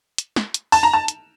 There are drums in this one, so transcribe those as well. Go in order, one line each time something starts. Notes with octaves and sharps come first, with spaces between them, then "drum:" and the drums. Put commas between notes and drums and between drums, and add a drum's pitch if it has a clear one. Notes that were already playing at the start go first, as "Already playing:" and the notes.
drum: hi-hat
drum: snare
drum: hi-hat
A5, drum: open hi-hat
A#5
A5
drum: hi-hat